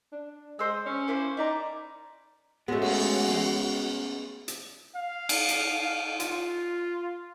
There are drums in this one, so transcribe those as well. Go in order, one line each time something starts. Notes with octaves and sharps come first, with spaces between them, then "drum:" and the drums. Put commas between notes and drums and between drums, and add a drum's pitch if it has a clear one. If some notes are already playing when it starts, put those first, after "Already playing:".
D4
G#3 C5 E6
C#4
A#3 E4 C5
D#4 E4 D5 A#5
G#3 A3 B3 C#4 F#4
drum: cymbal
drum: snare
drum: hi-hat
F5
drum: cymbal
drum: hi-hat
F4, drum: hi-hat